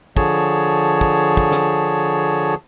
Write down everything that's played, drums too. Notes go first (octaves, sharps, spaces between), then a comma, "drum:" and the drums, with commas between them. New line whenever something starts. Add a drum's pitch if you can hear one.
D3 F3 G#4 C#5 A5, drum: kick
drum: kick
drum: kick
drum: snare